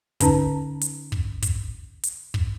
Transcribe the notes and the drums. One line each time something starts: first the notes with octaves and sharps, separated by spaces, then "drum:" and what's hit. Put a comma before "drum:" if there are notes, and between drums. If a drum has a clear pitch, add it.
D3 C#4 D#4 B4 A5 A#5, drum: kick, hi-hat
drum: hi-hat
drum: kick
drum: kick, hi-hat
drum: hi-hat
drum: kick